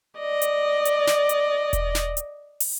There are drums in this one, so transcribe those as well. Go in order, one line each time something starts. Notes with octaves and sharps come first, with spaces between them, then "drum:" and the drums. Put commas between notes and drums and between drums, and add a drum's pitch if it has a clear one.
D5 D#5
drum: hi-hat
drum: hi-hat
drum: snare
drum: hi-hat
drum: kick E1, hi-hat
drum: snare
drum: hi-hat
drum: open hi-hat